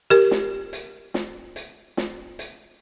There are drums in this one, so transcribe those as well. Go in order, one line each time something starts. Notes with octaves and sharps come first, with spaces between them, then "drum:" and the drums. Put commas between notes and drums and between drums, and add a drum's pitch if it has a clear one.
G4 A#4
drum: snare
drum: hi-hat
drum: snare
drum: hi-hat
drum: snare
drum: hi-hat